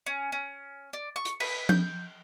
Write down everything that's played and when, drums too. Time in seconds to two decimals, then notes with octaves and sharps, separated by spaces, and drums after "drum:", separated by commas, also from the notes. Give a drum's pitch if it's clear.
0.06 C#4
0.32 C#4
0.93 D5
1.16 C#6
1.25 drum: hi-hat
1.40 B4, drum: cymbal
1.69 G6, drum: tom F3